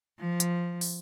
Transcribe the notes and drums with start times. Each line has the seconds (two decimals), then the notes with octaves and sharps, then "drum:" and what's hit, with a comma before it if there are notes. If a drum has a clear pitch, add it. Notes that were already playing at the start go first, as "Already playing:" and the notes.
0.19 F3
0.40 drum: hi-hat
0.81 drum: open hi-hat